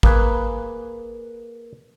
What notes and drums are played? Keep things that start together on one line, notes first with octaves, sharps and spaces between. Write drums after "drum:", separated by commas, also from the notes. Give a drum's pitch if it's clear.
A#3 G#4 B4, drum: kick